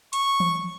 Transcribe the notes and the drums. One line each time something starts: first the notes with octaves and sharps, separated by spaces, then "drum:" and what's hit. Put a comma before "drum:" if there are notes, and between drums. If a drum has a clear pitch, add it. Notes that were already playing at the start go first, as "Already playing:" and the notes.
C#6, drum: hi-hat
drum: tom E3